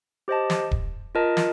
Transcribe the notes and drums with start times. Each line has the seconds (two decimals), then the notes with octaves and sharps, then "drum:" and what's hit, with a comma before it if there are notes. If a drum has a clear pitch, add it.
0.28 G4 C5 D#5 A5
0.50 drum: snare
0.71 drum: kick D#1
1.15 F4 A#4 D#5 A5
1.37 drum: snare